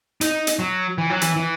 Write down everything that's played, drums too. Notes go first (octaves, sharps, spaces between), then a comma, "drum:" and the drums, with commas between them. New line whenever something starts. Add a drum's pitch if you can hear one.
D#4, drum: hi-hat
drum: hi-hat
F#3
E3
F#3
E3, drum: hi-hat
E3